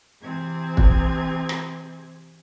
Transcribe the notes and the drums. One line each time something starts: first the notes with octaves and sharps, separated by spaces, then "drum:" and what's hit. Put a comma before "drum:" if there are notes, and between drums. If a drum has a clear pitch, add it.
C3 E3 C4 G#4 G#6
drum: kick
drum: rim click